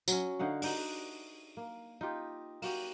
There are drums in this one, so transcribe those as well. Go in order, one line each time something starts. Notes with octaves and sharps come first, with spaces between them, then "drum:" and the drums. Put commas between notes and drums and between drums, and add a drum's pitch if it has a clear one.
F#3 C#4, drum: tambourine
D3 D#4 F5 F#5
D4 D#4 F#4, drum: open hi-hat
A#3
D#4 F4 G4
A#3 F#4 G4, drum: open hi-hat